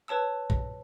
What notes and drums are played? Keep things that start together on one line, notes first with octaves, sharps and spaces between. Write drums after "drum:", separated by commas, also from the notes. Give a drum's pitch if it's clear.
B4 C#5 A5 E6
drum: kick A#1